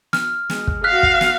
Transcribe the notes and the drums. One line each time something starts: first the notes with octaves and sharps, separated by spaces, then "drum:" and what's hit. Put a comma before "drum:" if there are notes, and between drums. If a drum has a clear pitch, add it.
F6, drum: snare
G#3, drum: snare
drum: kick
F#4 F5 F6 F#6 B6
drum: kick
drum: snare